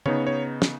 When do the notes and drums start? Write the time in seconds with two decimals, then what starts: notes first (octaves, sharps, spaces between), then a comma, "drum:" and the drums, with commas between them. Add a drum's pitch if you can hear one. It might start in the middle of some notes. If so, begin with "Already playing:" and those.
0.06 C#3 B3 D#4 C#5, drum: tom
0.27 C#5
0.62 drum: snare